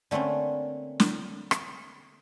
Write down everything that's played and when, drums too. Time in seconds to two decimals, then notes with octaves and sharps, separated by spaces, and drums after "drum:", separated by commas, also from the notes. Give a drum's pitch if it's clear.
0.11 D3 A3 A#3 C4 C#4
1.00 drum: snare
1.51 drum: rim click